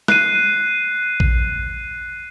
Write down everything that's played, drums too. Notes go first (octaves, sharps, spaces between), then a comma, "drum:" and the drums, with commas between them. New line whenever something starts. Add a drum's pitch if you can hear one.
F#6 C7 D#7, drum: snare
drum: kick A#1